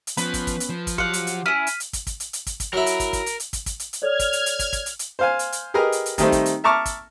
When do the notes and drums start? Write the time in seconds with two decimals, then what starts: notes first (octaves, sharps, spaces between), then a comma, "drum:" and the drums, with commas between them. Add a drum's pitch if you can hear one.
0.07 drum: hi-hat
0.17 F3 B3 C#4 B4, drum: hi-hat
0.34 drum: kick, hi-hat
0.47 drum: kick, hi-hat
0.60 drum: hi-hat
0.69 F3
0.87 drum: kick, hi-hat
0.98 F#3 G4 F5 F#5 C6 C#7, drum: kick
1.13 drum: hi-hat
1.27 drum: hi-hat
1.46 C#4 E4 F6 B6 D#7
1.67 drum: hi-hat
1.80 drum: hi-hat
1.93 drum: kick, hi-hat
2.07 drum: kick, hi-hat
2.20 drum: hi-hat
2.33 drum: hi-hat
2.46 drum: kick, hi-hat
2.60 drum: kick, hi-hat
2.73 F#3 E4 A#4
2.86 drum: hi-hat
3.00 drum: kick, hi-hat
3.13 drum: kick, hi-hat
3.26 drum: hi-hat
3.40 drum: hi-hat
3.53 drum: kick, hi-hat
3.66 drum: kick, hi-hat
3.80 drum: hi-hat
3.93 drum: hi-hat
4.02 A4 C#5 D5 F6 G#6
4.19 drum: kick, hi-hat
4.33 drum: hi-hat
4.46 drum: hi-hat
4.59 drum: kick, hi-hat
4.73 drum: kick, hi-hat
4.86 drum: hi-hat
4.99 drum: hi-hat
5.19 C5 F5 G#5
5.39 drum: hi-hat
5.52 drum: hi-hat
5.74 G4 G#4 A#4 B4 D#5 F6
5.92 drum: hi-hat
6.06 drum: hi-hat
6.18 D#3 G3 A3 C4 D#4 C5, drum: kick, hi-hat
6.32 drum: kick, hi-hat
6.46 drum: hi-hat
6.64 E5 A5 A#5 C#6 D6 F6
6.85 drum: kick, hi-hat